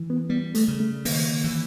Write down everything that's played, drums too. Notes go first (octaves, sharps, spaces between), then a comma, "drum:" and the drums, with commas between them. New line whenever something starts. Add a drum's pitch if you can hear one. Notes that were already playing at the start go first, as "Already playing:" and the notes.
Already playing: E3
B3
G3 B3
A3, drum: hi-hat
C#3
A3
D#3 A#3, drum: open hi-hat
E3